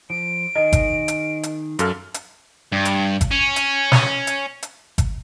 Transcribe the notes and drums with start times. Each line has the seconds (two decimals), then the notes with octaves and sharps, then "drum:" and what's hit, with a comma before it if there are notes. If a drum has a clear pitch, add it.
0.10 F3 D7
0.56 D#3 G#4 A#4 D#5
0.73 drum: kick G1, hi-hat
1.08 drum: hi-hat
1.43 drum: hi-hat
1.79 F#2 A4 F5 F6, drum: hi-hat
2.14 drum: hi-hat
2.72 G2
2.85 drum: hi-hat
3.21 drum: kick G1, hi-hat
3.31 C#4
3.56 drum: hi-hat
3.92 drum: snare
4.27 drum: hi-hat
4.63 drum: hi-hat
4.98 drum: kick G1, hi-hat